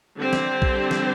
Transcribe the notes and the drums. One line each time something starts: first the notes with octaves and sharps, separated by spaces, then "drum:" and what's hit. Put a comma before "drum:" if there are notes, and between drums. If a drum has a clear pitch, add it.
D3 G3 C4 G4 C5
drum: snare
drum: kick
drum: snare